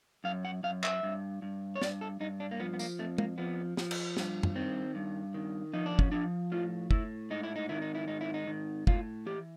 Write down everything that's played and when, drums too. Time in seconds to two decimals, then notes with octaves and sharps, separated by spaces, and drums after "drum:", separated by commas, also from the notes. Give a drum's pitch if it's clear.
0.24 F#2 F5
0.45 F#5
0.63 F#2 F5
0.84 E5, drum: clap
1.03 G2
1.42 G2
1.76 C#5
1.82 G2 D5, drum: snare
2.01 A4
2.20 G2 D#4
2.40 D4
2.51 A#3
2.59 F3 B3
2.73 B3
2.79 A#3, drum: tambourine
2.99 F2 A3
3.18 A#3, drum: tom
3.38 F3 B3
3.77 F3, drum: snare
3.91 drum: cymbal
4.17 G2, drum: snare
4.43 drum: tom F#2
4.55 D#3 C4
4.95 G2
5.34 D#3
5.73 F3 D#4
5.86 D4
5.99 C#4, drum: kick
6.12 F3 D4
6.52 A2 F4
6.91 A2 E4, drum: kick
7.30 G#2 D#4
7.43 E4
7.56 D#4
7.69 D#3 E4
7.82 D#4
7.95 E4
8.08 G#2 D#4
8.21 E4
8.34 D#4
8.47 D#3
8.87 A2 F4, drum: kick
9.26 E3 G4